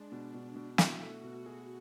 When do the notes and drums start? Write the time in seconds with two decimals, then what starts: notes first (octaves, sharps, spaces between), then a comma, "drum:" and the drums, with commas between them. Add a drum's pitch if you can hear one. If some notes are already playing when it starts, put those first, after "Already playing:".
Already playing: G#3 D4
0.12 B2
0.34 B2
0.56 B2
0.78 E4 F#4, drum: snare
1.01 A3
1.23 B2
1.46 G#4